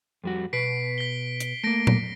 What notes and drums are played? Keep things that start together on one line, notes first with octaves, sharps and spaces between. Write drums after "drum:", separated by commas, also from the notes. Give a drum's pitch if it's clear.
F2 G3 F#4
B2 B4 B6 C7 D7
B6 G7
drum: hi-hat
A3 A#3 A#6 D7
drum: tom A#2